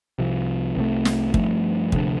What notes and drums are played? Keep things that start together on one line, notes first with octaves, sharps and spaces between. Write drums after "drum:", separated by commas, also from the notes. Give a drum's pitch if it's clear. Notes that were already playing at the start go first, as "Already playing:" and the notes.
C2 C3 F3
C2 C3 A3
drum: snare
G2 F3 A3, drum: kick
D2 C3 F3 D4, drum: kick